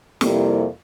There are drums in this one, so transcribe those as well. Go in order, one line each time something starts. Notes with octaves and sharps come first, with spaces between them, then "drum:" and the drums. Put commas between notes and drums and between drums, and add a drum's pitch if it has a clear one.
F2 C3 G3 A#3 E4, drum: snare